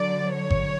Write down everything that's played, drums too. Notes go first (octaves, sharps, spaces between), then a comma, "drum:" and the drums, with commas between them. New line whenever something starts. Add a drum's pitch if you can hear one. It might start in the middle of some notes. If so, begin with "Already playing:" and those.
Already playing: D3 F#3 D5
C#5
drum: kick G#1